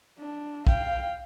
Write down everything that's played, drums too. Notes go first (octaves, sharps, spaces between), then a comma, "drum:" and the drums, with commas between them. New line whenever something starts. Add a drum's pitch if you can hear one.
D4
F5 G5, drum: kick B1